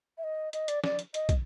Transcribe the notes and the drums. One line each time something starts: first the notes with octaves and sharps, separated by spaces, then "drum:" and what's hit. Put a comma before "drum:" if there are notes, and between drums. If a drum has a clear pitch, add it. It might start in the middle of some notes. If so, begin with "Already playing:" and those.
E5
D#5
D#5, drum: hi-hat
D5, drum: hi-hat
D5, drum: snare
drum: hi-hat
D#5, drum: hi-hat
drum: kick, hi-hat